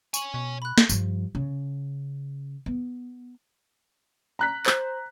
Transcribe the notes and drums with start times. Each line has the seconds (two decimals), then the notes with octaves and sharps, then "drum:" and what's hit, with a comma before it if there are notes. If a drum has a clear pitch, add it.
0.14 C#5 G#5 C#6 F#7, drum: tambourine
0.34 B2
0.62 B5 F#6
0.78 drum: snare
0.89 G2 F3, drum: tambourine
1.35 C#3
2.66 B3
4.39 A#5 F#6 B6
4.66 C5, drum: clap